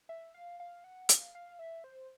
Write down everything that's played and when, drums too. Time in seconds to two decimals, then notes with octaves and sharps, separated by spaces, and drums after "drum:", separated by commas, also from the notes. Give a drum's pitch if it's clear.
0.09 E5
0.34 F5
0.60 F5
0.84 F#5
1.09 F5, drum: hi-hat
1.35 F5
1.59 E5
1.84 C5